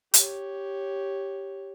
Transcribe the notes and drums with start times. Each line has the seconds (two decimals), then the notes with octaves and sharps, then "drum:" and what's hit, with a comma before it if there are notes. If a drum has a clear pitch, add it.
0.14 G4 C#5, drum: hi-hat